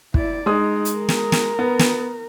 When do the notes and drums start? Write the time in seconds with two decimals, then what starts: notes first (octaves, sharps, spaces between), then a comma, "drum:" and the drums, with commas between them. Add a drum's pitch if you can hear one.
0.14 E4 D5, drum: kick
0.46 G#3 D#4 D#6
0.85 drum: hi-hat
0.98 A#4
1.09 drum: snare
1.32 drum: snare
1.59 B3
1.79 drum: snare